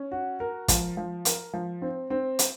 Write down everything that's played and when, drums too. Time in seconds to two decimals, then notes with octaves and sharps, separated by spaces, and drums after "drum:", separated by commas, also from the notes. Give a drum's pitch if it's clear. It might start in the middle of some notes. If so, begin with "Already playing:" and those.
Already playing: C#4
0.12 F#4
0.40 A#4
0.68 F3, drum: kick, hi-hat
0.97 F3
1.25 A#4, drum: hi-hat
1.53 F3
1.82 C4
2.10 C4
2.39 drum: hi-hat